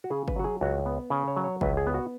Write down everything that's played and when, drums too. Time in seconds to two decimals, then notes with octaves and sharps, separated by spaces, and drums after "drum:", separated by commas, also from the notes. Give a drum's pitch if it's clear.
0.04 F#4
0.10 C#3 G#4
0.28 B4, drum: kick G1
0.36 F#3 F#4
0.44 G#4
0.61 C#2 F#4
0.86 B3
1.10 C#3 C#5
1.28 C#5
1.36 F#3
1.44 C#5
1.61 C#2 B4, drum: kick G1
1.77 G#4
1.87 B3
1.94 F#4